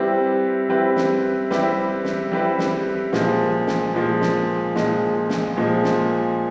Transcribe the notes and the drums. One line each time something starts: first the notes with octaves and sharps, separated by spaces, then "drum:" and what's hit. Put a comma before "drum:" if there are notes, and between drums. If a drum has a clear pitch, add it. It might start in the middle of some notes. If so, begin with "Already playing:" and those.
Already playing: G3 C4 E4 G4 B4
G3 C4 E4 G4 B4
drum: snare
G3 C4 E4 G4 B4, drum: snare
drum: snare
G3 C4 E4 G4 B4
drum: snare
A#2 F3 G#3, drum: snare
drum: snare
A#2 F3 G#3
drum: snare
A#2 F3 G#3, drum: snare
drum: snare
A#2 F3 G#3
drum: snare